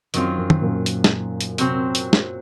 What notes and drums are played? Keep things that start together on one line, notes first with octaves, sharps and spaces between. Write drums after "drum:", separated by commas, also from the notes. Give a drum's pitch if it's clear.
F#2 D#3 F#3 C4 F4, drum: hi-hat
F#2
drum: tom D#3
F#2 A#2
drum: hi-hat
drum: snare
drum: hi-hat
C3 F#3 C4, drum: hi-hat
drum: hi-hat
drum: snare